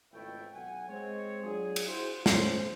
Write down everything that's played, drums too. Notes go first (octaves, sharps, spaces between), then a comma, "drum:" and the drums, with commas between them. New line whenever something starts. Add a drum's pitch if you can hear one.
G#1 C#2 B2 A3 E4 G5
B1 F#5 G#5
G#3 C4 C#5
F#3 D4 F4 G#4
drum: cymbal
E4 F#4 G#4 C5
C#4 C5, drum: snare